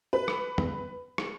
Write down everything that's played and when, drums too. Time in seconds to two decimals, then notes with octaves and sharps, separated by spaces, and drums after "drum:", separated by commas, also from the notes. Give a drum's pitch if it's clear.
0.13 B4
0.28 drum: rim click
0.58 drum: tom
1.18 drum: rim click